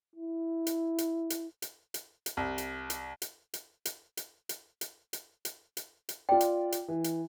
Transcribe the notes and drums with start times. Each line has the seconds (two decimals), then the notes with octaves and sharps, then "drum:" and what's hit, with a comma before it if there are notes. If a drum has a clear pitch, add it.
0.16 E4
0.67 drum: hi-hat
0.98 drum: hi-hat
1.30 drum: hi-hat
1.62 drum: hi-hat
1.94 drum: hi-hat
2.26 drum: hi-hat
2.37 C2
2.58 drum: hi-hat
2.90 drum: hi-hat
3.22 drum: hi-hat
3.54 drum: hi-hat
3.85 drum: hi-hat
4.17 drum: hi-hat
4.49 drum: hi-hat
4.81 drum: hi-hat
5.13 drum: hi-hat
5.45 drum: hi-hat
5.77 drum: hi-hat
6.09 drum: hi-hat
6.29 F4 D5 G5
6.41 drum: hi-hat
6.72 drum: hi-hat
6.88 E3
7.04 drum: hi-hat